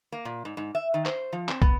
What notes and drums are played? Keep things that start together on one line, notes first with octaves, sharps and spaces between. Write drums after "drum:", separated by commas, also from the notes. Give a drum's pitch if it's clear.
A#3
A#2
G#2
G#2
E5
D#3
C5, drum: clap
F3
C4, drum: clap
B3, drum: kick